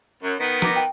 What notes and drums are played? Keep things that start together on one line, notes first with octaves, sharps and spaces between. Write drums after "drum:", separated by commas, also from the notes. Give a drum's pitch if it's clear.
F#2
D#3 B3
A#5 D6 A#6, drum: snare F3
G5